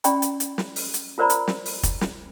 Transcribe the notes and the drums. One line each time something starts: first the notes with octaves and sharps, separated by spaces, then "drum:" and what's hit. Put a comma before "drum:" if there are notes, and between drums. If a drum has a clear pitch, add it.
C#4 E4 D5 G5 B5 C#6, drum: hi-hat
drum: hi-hat
drum: hi-hat
drum: snare
drum: open hi-hat
drum: hi-hat
F4 A#4 C5 D5 A#5 B5
drum: hi-hat
drum: snare
drum: open hi-hat
drum: kick, hi-hat
drum: snare